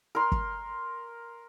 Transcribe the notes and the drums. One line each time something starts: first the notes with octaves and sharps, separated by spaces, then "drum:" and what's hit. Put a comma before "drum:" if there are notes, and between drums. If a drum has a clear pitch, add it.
A#4 C6
drum: kick